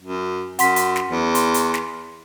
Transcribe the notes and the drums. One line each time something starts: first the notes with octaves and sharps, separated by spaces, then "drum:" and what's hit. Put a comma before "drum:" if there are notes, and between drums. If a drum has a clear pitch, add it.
F#2
F#2 F#5 C6 B6, drum: hi-hat
drum: hi-hat
drum: snare
E2
C6, drum: hi-hat
drum: hi-hat
drum: snare